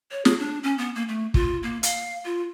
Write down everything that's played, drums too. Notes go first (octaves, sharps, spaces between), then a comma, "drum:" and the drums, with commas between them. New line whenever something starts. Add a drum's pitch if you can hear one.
C#5
G#4, drum: snare
D4
C#4
B3
A#3
A3
F4, drum: kick
A#3
F5, drum: hi-hat
F4